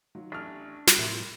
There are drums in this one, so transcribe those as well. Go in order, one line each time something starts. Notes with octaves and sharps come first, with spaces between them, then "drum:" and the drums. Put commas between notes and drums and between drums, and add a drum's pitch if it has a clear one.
D#3 F#3 F4
A1 D4 G4 A5 C#6 F6
drum: snare
A2 C3 F3 G3 E4 A#4 C6